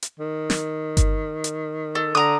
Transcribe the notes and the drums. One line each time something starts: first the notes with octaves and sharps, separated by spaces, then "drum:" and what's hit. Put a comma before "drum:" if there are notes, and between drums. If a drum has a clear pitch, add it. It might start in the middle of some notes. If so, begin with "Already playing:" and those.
drum: hi-hat
D#3
drum: snare
drum: kick G1, hi-hat
drum: hi-hat
A4
D3 A#5 D#6